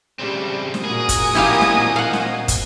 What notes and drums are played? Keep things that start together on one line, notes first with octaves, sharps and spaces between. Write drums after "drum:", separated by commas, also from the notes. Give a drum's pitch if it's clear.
C#3 G3 C4
drum: snare
A#2 F#4 G#4 A#4 G#5 D#6
drum: kick, hi-hat
C4 D#4 E4 G4 F5
drum: snare
F5 F#5
drum: snare
drum: kick, hi-hat